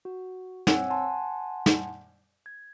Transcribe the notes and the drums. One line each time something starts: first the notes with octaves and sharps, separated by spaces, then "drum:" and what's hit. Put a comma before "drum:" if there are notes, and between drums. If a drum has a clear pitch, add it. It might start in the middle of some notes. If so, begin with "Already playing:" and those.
F#4
C4 C#5 F#5 G#5 E6, drum: snare
F#5 G#5 A5 C6
drum: snare
G#6